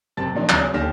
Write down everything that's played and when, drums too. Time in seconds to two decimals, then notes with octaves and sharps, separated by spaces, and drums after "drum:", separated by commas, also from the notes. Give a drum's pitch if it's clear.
0.17 F#1 C3 C4 A5 A6
0.35 A#2 D#3 F3 D4 D#4
0.49 E2 C#3 F#3, drum: clap
0.74 D#2 D3 G4 F6 A#6 E7